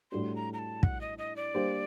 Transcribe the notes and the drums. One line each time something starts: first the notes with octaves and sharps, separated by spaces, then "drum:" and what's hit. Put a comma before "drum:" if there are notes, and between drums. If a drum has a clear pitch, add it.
A2 G3 D4 F#4 C6
A#5
A#5
A5
F#5, drum: kick
D#5
D#5
D5
G3 A#3 D4 G4 C5